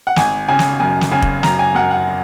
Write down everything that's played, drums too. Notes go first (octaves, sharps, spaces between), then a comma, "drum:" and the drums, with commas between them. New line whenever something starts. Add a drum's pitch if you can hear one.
F#5
G#1 G#5, drum: snare
C#3 G#5
drum: snare
F#2 G#5
drum: snare
C#3 G#5
drum: kick
F#2 A#5, drum: snare
G#5
F#2 F#5
F#5